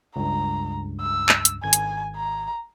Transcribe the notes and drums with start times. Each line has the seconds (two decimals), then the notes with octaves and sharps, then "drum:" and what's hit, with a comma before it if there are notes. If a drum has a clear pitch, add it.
0.16 C#2 G2 A#5
1.01 E6
1.29 drum: clap
1.45 drum: hi-hat
1.64 G#1 G#5 G#6
1.73 drum: hi-hat
2.17 A#5